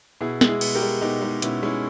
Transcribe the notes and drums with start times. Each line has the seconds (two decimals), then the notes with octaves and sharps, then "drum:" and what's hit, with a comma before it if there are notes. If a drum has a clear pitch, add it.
0.21 B2 E4 G#4
0.41 G#3, drum: snare
0.48 E4 G#4
0.61 B2, drum: cymbal
0.75 G4 A#4
0.82 G#3
1.01 B2 D#4 G4
1.22 G#3 D#4
1.42 B2 C#4 E4, drum: hi-hat
1.63 G#3 C#4 E4